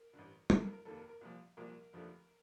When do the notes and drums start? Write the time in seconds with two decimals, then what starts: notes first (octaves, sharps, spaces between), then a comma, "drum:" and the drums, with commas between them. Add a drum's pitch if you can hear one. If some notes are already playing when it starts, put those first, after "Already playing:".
Already playing: A#4
0.13 A1 G2 D3
0.50 F1 D#2 D#3 A#3 A4, drum: tom
0.62 A#4
0.73 A#4
0.85 F1 D#2 D#3 A#3 A4
0.98 A#4
1.09 A#4
1.21 C2 A#2 F3
1.57 C2 A#2 F3 A#4
1.93 F1 D#2 D3 F3 A3